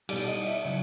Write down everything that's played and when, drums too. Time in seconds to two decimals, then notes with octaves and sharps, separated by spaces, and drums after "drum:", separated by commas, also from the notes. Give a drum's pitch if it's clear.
0.09 B2 G3 D5, drum: cymbal
0.28 D#5
0.47 E5
0.65 C#3 F#3